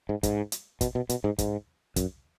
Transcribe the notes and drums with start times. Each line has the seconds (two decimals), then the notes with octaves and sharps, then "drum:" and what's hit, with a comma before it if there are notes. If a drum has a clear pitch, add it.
0.09 G#2
0.23 G#2, drum: kick, hi-hat
0.52 drum: hi-hat
0.81 B2, drum: kick, hi-hat
0.95 B2
1.09 B2, drum: hi-hat
1.24 G#2
1.39 G#2, drum: kick, hi-hat
1.96 F#2, drum: kick, hi-hat